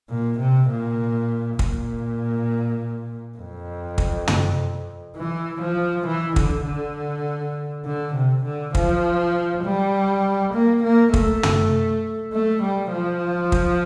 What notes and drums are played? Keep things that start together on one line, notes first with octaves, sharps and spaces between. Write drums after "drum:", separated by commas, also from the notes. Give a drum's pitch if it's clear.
A#2
C3
A#2
A#2, drum: kick
F2
drum: kick
drum: tom
E3
F3
E3
D3, drum: kick
D3
D3
C3
D3
F3, drum: kick
G3
A#3
A#3
A3, drum: kick
drum: tom
A3
G3
F3
drum: kick